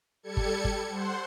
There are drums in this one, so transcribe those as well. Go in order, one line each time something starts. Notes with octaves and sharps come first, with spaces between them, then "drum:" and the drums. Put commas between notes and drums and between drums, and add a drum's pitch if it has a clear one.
G3 A4 G#6 C#7
drum: kick G1
drum: kick G1
C5 F#5 C6